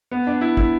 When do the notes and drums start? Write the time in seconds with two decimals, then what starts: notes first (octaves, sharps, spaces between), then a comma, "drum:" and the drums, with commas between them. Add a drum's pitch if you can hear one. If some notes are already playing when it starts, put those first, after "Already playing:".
0.11 B3
0.27 D4
0.41 E4
0.57 E4, drum: kick